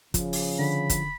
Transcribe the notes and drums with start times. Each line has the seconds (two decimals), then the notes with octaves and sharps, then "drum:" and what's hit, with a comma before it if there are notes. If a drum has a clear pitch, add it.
0.14 C#3 F3, drum: kick, hi-hat
0.33 drum: open hi-hat
0.59 D3 B5
0.90 drum: kick, hi-hat